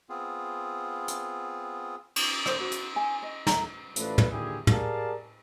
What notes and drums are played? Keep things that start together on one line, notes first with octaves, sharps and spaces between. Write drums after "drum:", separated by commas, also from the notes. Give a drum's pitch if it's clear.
B3 C4 F4 G#4
drum: hi-hat
drum: cymbal
C5, drum: rim click
F#4
drum: hi-hat
G#5
D#5
A#5, drum: snare
A1 F3 A3 D4 B4, drum: hi-hat
drum: tom
D#2 A#2 D3 E4 G4 G#4
G4 G#4 A#4 D5 F5 A5, drum: tom